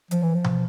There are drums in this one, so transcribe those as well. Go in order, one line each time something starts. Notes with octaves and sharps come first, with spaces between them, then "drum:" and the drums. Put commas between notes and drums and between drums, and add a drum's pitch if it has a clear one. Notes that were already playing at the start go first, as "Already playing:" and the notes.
F3, drum: hi-hat
E3
F3
drum: tom B2